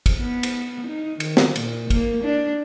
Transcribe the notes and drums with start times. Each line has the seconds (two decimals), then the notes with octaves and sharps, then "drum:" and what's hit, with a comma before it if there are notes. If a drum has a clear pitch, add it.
0.06 drum: kick, cymbal
0.20 B3
0.43 drum: cymbal
0.88 D#4
1.20 D#3, drum: cymbal
1.37 drum: snare
1.56 A#2, drum: cymbal
1.90 A#3, drum: kick, cymbal
2.24 D4